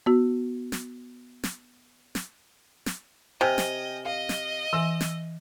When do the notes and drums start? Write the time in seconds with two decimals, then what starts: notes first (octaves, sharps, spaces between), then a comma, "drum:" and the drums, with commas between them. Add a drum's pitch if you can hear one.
0.06 B3 F#4
0.72 drum: snare
1.44 drum: snare
2.15 drum: snare
2.86 drum: snare
3.41 C3 D#5 G5 G#5 F6
3.58 drum: snare
4.05 D#5 F5
4.29 drum: snare
4.73 E3 E5 G#5 E6
5.01 drum: snare